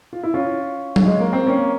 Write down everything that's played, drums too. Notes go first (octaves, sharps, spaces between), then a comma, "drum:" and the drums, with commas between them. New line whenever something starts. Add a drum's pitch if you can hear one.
F4
E4
C#4 F4
drum: tom F#3
G#3
A#3
C4
A#3 C#4